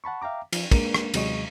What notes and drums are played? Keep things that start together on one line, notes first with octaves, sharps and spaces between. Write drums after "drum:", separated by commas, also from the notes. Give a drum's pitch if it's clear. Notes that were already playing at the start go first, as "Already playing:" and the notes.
F#5 A5 B5 C#6
E5 F5 G5 A#5 D6
F3, drum: cymbal
G#3 A#3 D4 A#4, drum: kick, cymbal
drum: rim click
D#2 C3 F#3 G#3 D#5 C#6, drum: cymbal